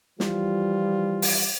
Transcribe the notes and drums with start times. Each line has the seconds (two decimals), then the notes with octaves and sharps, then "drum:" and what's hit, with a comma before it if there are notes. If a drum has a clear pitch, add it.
0.20 E3 F3 G3 F4, drum: snare
1.22 drum: open hi-hat